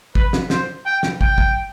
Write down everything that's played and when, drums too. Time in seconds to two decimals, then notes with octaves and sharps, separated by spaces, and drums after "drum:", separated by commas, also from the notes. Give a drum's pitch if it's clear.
0.15 B4, drum: kick
0.33 drum: snare
0.50 C5, drum: snare
0.86 G5
1.03 drum: snare
1.21 G5, drum: kick
1.38 drum: kick